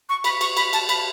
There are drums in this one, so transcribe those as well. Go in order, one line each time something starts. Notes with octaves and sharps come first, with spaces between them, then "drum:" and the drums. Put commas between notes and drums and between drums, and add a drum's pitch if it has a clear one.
C#6
B5, drum: cymbal
C#6, drum: cymbal
B5, drum: cymbal
A5, drum: cymbal
B5, drum: cymbal